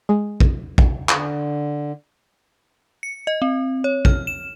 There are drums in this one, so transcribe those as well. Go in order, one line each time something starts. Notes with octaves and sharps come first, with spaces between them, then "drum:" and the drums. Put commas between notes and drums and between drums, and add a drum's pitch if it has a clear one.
G#3
drum: kick
drum: kick
D3, drum: clap
C#7
D#5
C4
C#5
F6, drum: kick
E7